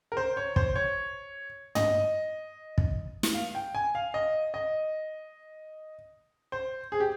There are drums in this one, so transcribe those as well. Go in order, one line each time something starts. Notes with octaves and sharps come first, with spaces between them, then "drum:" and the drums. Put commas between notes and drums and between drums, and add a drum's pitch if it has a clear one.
A#4
C5
C#5
C5, drum: kick
C#5
D#5, drum: tom
drum: kick
drum: snare
F5
G5
G#5
F5
D#5
D#5
C5
G#4
G4